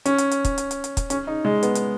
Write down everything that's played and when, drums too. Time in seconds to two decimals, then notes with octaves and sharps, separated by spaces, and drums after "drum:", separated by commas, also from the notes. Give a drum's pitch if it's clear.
0.05 C#4, drum: hi-hat
0.18 drum: hi-hat
0.31 drum: hi-hat
0.45 drum: kick, hi-hat
0.58 drum: hi-hat
0.71 drum: hi-hat
0.84 drum: hi-hat
0.97 drum: kick, hi-hat
1.10 C#4, drum: hi-hat
1.27 D#4
1.45 G#3
1.63 B3, drum: hi-hat
1.75 drum: hi-hat